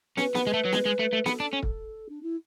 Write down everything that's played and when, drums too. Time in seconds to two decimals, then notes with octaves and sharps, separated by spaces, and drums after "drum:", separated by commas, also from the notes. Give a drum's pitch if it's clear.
0.17 C#4 B4, drum: snare
0.35 B3, drum: snare
0.47 G#3
0.53 A3
0.65 F#3
0.72 G#3, drum: snare
0.85 G#3
0.99 A3
1.13 A3
1.26 B3 A4, drum: snare
1.40 D4
1.53 C#4
1.63 drum: kick
2.09 D4
2.22 E4